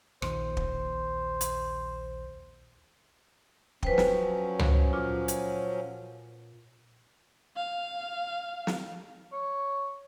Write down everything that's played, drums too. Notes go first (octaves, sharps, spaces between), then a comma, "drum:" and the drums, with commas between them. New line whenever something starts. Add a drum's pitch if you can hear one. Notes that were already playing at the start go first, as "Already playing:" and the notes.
A#1 D#2 C5, drum: rim click
drum: kick
drum: hi-hat
F3 F#3 C#4 B4 C5 G5, drum: kick
drum: snare
drum: tom C#2
A#2 F4
drum: hi-hat
F5
drum: snare
C#5